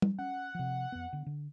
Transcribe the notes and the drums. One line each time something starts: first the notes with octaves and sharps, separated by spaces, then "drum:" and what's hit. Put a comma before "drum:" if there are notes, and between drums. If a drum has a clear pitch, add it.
drum: tom G3
C#4 F#5
C3 F3
F2 B3
D3 B3 D4
D3